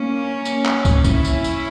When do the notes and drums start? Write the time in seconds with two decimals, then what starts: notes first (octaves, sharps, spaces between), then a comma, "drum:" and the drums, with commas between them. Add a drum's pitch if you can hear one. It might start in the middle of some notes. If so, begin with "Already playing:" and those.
Already playing: A#3 C#4
0.45 drum: tambourine
0.65 drum: clap
0.85 drum: kick, tambourine
1.04 C#4 E4, drum: kick, tambourine
1.25 drum: tambourine
1.44 drum: tambourine